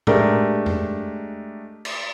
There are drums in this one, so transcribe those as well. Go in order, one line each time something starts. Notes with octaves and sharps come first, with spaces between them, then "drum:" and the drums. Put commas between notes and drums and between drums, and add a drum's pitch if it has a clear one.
G#3 A3 D4 G4 A#4, drum: tom A2
drum: tom F2
drum: cymbal